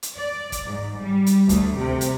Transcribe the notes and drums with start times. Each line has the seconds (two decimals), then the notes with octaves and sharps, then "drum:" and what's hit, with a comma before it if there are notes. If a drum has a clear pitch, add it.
0.03 drum: hi-hat
0.18 D5
0.52 drum: kick G1, hi-hat
0.67 G#2
1.02 G3
1.26 drum: hi-hat
1.49 D2, drum: kick G1, hi-hat
1.79 C3
2.01 drum: hi-hat